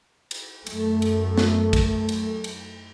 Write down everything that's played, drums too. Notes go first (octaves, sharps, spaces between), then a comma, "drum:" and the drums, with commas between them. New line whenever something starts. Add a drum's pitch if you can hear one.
drum: cymbal
F#2 A3, drum: cymbal
drum: cymbal
drum: snare
drum: kick, cymbal
drum: cymbal
drum: cymbal